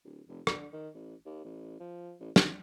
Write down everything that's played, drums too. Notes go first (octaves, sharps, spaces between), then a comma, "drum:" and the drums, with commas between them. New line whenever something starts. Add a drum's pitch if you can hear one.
D1
F1
D3, drum: rim click
D#3
A1
D#2
A1
F3
A1
G#1, drum: snare